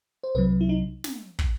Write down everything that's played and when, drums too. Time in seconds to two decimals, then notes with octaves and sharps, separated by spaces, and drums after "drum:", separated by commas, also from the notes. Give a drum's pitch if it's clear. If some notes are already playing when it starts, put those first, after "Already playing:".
0.24 C5
0.35 C2 C3 F#3 B4
0.61 E4
0.69 D#4
1.04 drum: snare
1.39 drum: kick